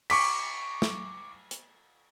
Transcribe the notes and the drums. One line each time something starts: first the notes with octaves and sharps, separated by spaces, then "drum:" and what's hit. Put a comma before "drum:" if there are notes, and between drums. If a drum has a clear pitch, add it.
C#6 D6 B6, drum: cymbal
drum: snare
drum: hi-hat